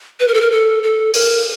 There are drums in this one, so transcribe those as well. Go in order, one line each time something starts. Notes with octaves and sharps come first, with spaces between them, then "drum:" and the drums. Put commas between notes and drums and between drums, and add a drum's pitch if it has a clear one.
B4
A#4
A4
A#4
A4
A4
A#4, drum: open hi-hat